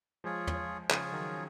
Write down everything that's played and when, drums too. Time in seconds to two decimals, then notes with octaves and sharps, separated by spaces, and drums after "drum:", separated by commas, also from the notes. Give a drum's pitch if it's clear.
0.24 F3 G#3 F4 G#4 C#5
0.47 drum: tom
0.90 C#3 F3 F4 G#4 C#5, drum: clap
1.12 D#3 F#3